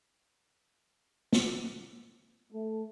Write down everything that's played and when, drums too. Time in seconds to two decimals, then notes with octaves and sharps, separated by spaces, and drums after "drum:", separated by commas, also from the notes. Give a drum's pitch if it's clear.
1.33 drum: snare
2.52 A3